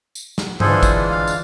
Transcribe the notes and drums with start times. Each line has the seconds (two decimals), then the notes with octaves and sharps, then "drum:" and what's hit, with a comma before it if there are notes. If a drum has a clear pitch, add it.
0.15 drum: tambourine
0.38 drum: snare
0.60 D3 E3 G#3 D4 F4 G#4 A4 C5, drum: tom G2
0.83 drum: kick, tambourine
1.11 F5
1.27 drum: tambourine